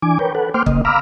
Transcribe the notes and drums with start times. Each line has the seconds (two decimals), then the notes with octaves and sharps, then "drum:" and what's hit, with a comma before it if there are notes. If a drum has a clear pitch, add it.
0.02 E3 D4 G#5 D6
0.19 A#4 B4 C#5 G5
0.35 A4 B4 F#5
0.54 A#3 C5 G5 C6 D6 F6
0.66 C#3 A#3 D#5, drum: kick
0.85 F5 A#5 B5 D6 E6 F6